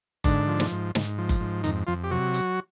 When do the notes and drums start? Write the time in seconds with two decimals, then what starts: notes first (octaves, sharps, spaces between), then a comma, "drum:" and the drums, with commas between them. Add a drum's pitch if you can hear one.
0.24 G#2 D3 D4, drum: kick F#1, hi-hat
0.48 F3
0.60 drum: snare
0.72 G#2
0.95 G#2, drum: snare
1.18 F3
1.29 drum: kick F#1, hi-hat
1.40 G#2
1.64 F2 D#3 D#4, drum: hi-hat
1.87 F2 F3 F4
2.04 G4
2.11 C3 F#3 F#4
2.34 drum: hi-hat